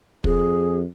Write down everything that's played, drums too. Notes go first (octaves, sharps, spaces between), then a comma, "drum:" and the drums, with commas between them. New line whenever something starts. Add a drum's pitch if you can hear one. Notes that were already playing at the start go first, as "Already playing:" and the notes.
F2 G#4, drum: kick